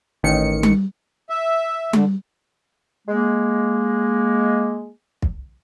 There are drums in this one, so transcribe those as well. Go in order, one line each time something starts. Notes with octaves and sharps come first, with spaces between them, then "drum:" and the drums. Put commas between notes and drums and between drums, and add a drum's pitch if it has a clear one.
A1 D#3 C#7
drum: tom G3
E5
D3, drum: tom G3
G#3 A#3
drum: kick